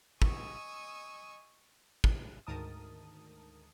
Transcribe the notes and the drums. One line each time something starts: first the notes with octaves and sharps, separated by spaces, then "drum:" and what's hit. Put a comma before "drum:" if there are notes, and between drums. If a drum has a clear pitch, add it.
D#5 G#5 C#6 D#6 E6, drum: kick
drum: kick
D2 G#2 D#3 A#4 A5 D#6